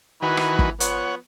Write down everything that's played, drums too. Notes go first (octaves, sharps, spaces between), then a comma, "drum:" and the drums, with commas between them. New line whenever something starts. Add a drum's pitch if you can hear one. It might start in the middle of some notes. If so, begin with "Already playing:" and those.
D#3 E3 F#4 B4 G#5 B5
drum: rim click
drum: kick
F3 B3 C#5 F#5, drum: hi-hat